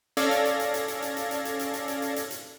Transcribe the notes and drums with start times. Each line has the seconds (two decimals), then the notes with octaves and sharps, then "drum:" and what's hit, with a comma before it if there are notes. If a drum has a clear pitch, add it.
0.17 C#4 A4 D5 F5 G#6 A#6, drum: hi-hat
0.31 drum: hi-hat
0.45 drum: hi-hat
0.60 drum: hi-hat
0.74 drum: hi-hat
0.88 drum: hi-hat
1.02 drum: hi-hat
1.17 drum: hi-hat
1.31 drum: hi-hat
1.45 drum: hi-hat
1.59 drum: hi-hat
1.74 drum: hi-hat
1.88 drum: hi-hat
2.02 drum: hi-hat
2.16 drum: hi-hat
2.31 drum: hi-hat